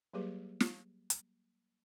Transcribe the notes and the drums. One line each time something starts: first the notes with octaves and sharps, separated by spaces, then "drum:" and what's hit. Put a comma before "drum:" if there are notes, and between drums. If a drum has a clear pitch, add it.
F#3 G3 A#3 G4 G#4 B4
drum: snare
drum: hi-hat